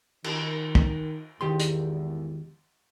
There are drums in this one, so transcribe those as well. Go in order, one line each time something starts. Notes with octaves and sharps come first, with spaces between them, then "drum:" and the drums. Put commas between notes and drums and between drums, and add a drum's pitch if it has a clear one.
D#3, drum: cymbal
drum: kick
G#1 E2 D#3 G4 C6
drum: hi-hat